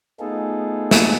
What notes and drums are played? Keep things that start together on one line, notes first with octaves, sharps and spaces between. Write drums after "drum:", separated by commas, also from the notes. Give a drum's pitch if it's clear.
A3 B3 D#4 F4 G#4 A4
drum: snare